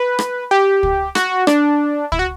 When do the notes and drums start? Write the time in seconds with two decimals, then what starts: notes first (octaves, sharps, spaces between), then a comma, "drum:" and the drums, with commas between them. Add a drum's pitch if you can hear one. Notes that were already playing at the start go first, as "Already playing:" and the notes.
Already playing: B4
0.19 drum: rim click
0.51 G4
0.83 drum: kick
1.15 F#4, drum: rim click
1.47 D4, drum: rim click
2.12 E4, drum: kick
2.19 F#4